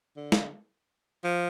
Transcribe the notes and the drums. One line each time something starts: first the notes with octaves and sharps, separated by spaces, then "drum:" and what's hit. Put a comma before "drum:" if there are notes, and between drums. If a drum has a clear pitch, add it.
D3
drum: snare
F3